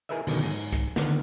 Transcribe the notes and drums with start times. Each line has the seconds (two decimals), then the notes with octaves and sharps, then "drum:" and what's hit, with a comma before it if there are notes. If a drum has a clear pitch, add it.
0.09 E4 G#4 A#4 B4 D#5 E5
0.27 F#2 B2 D3 D#3, drum: open hi-hat
0.43 G#2
0.73 drum: kick, hi-hat
0.96 D3 D#3 B3, drum: snare